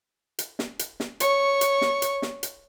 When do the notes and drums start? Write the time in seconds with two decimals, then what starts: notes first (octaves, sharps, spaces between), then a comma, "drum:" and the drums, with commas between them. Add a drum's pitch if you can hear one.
0.39 drum: hi-hat
0.59 drum: snare
0.79 drum: hi-hat
1.00 drum: snare
1.20 C#5 C#6, drum: hi-hat
1.61 drum: hi-hat
1.81 drum: snare
2.02 drum: hi-hat
2.22 drum: snare
2.43 drum: hi-hat